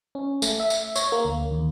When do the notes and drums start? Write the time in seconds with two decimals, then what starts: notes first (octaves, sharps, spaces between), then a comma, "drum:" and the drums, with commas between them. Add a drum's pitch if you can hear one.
0.15 C#4
0.42 A3, drum: tambourine
0.60 E5
0.70 drum: tambourine
0.96 C#5, drum: tambourine
1.12 A#3
1.25 D2
1.51 D#2